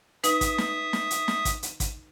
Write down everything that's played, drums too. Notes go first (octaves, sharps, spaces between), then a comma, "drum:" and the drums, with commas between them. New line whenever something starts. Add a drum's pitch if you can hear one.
D#4 B4 E5 D#6, drum: hi-hat
drum: kick, hi-hat
drum: snare
drum: snare
drum: hi-hat
drum: snare
drum: kick, hi-hat
drum: hi-hat
drum: kick, hi-hat